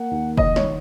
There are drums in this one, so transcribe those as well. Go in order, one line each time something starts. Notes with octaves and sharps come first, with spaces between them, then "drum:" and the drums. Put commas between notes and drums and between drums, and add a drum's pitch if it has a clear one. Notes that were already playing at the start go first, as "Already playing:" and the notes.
Already playing: A#3 F#5
D#2
D#3 D#5, drum: kick
C#5, drum: snare